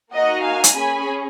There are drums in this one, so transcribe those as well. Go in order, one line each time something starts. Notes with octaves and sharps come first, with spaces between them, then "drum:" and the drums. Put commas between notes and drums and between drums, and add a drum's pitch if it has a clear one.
A#3 D#4 F#4 D#5 F#5
F5 G#5
drum: hi-hat
C#4 G#4 G#5 B5